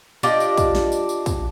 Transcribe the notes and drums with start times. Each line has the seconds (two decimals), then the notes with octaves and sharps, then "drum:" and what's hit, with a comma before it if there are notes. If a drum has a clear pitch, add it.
0.23 D4 F4 G4 D#5, drum: tambourine
0.40 drum: tambourine
0.57 drum: kick, tambourine
0.75 drum: snare
0.92 drum: tambourine
1.09 drum: tambourine
1.26 drum: kick, tambourine